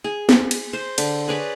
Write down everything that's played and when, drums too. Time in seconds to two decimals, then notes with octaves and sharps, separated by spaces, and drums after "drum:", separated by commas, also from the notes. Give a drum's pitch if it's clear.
0.04 G#4
0.29 drum: snare
0.51 drum: cymbal
0.73 C5
0.98 D3, drum: cymbal
1.28 G#4 B4 C#5 D5